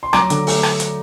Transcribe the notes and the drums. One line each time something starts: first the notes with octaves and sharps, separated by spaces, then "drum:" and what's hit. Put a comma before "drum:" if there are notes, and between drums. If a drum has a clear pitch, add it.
C6
F#3 A#5 D6, drum: rim click
D3, drum: hi-hat
A3, drum: open hi-hat
drum: rim click
drum: hi-hat